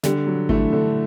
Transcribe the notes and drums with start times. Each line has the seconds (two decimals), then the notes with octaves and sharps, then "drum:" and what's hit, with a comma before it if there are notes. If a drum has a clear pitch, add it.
0.03 D3 G3, drum: snare
0.27 F#3
0.49 E3 A3 E4, drum: kick G#1
0.73 D3